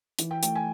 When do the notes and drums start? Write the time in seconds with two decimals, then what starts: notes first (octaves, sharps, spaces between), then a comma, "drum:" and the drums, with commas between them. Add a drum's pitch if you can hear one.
0.19 E3, drum: hi-hat
0.31 G5
0.43 A3 G5, drum: hi-hat
0.55 G#5